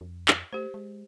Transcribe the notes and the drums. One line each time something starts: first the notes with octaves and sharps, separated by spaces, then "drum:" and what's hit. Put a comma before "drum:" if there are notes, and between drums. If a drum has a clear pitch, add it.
F2
drum: clap
A3 G4 C5
G#3